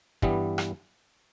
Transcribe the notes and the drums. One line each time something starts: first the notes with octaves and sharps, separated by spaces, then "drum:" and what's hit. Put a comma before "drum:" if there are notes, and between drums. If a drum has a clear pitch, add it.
G2 E3 G3 B3, drum: kick
drum: rim click